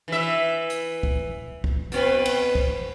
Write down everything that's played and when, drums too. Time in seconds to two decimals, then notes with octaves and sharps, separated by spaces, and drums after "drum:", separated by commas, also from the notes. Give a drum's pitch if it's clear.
0.08 E3 E5
0.70 drum: hi-hat
1.03 drum: kick
1.64 drum: kick
1.92 B2 C4 B4, drum: hi-hat
2.26 drum: cymbal
2.55 drum: kick